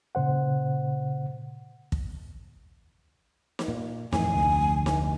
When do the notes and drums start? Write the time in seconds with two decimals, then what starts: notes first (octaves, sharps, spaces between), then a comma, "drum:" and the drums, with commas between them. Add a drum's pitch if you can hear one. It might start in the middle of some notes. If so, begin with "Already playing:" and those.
0.15 A#2 C#3 C5 F#5
1.92 drum: kick
3.59 drum: snare
3.68 A#2
4.13 F2 A2 E3 G#5, drum: snare
4.34 F1 D2
4.86 drum: snare